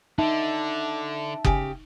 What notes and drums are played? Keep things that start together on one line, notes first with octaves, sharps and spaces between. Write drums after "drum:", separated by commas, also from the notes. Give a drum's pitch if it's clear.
D3 D#4 E5 A5
C#3 G4, drum: kick F#1